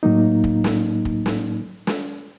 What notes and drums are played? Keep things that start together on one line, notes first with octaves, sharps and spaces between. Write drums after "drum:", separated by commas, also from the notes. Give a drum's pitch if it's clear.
A2 F#3 A#3 D#4
drum: kick
drum: snare
drum: kick
drum: snare
drum: snare